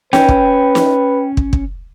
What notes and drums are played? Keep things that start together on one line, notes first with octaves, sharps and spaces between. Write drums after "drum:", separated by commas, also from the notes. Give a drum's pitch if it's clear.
C#4 B4 G5, drum: snare
drum: kick
drum: snare
drum: kick
drum: kick